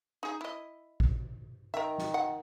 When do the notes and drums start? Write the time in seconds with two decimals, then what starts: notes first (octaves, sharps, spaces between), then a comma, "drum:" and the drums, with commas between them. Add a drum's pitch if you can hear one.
0.23 D#4 G#4
0.41 E4 D#5
1.00 drum: kick A1
1.74 D#3 A#4 E5
1.98 drum: snare
2.14 F#5